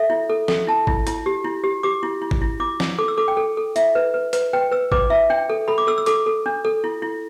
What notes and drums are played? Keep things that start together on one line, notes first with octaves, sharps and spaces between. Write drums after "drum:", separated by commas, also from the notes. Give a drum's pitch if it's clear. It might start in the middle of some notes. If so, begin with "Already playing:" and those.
Already playing: A4 E5
E4
A4
A4, drum: snare
E4 A5
E4, drum: kick G#1
E4, drum: hi-hat
G4
E4
G4
G4 D6
E4
E4
drum: kick G#1
E4
E4 D6
E4, drum: snare
A4 D6
E6
A4 D6
G5
A4
A4
E4 E5, drum: hi-hat
B4
B4
B4, drum: hi-hat
B4 G5
B4 E6
B4 D6, drum: kick G#1
E4 E5
D4 G5
A4
A4 B5
D6
A4 E6
E6
A4 D6, drum: hi-hat
A4
D4
A4
E4
E4